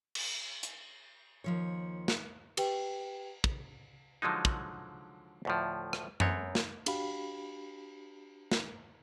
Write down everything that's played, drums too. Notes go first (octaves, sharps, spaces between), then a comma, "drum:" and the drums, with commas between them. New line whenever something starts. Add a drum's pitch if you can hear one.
drum: cymbal
drum: hi-hat
D#2 F3 C#5
drum: snare
G4 B4 G5, drum: cymbal
drum: kick
D3 F3 F#3 G#3 D#4
drum: kick
D2 A2 F3
drum: rim click
F#2 B3 C4 C#5, drum: tom F#2
drum: snare
D4 F#4 G4 F5 B5, drum: cymbal
drum: snare